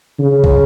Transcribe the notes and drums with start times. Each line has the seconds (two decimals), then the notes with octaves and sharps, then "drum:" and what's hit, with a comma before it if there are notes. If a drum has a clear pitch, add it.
0.19 C#3
0.44 drum: kick